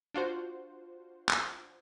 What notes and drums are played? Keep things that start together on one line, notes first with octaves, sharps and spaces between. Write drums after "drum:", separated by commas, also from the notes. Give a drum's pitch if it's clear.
D4 F4 F#4 C5
drum: clap